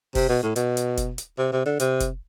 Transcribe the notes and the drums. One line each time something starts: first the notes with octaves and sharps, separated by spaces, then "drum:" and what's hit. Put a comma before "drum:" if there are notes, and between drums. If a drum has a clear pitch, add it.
C3, drum: kick F1, open hi-hat
B2
A2
B2, drum: hi-hat
drum: hi-hat
drum: kick F1, hi-hat
drum: hi-hat
C3
C3
D3
C3, drum: hi-hat
drum: kick F1, hi-hat